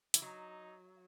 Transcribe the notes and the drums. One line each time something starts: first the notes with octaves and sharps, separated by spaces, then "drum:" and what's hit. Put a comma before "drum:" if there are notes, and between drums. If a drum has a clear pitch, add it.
E3, drum: hi-hat
F#3 D#4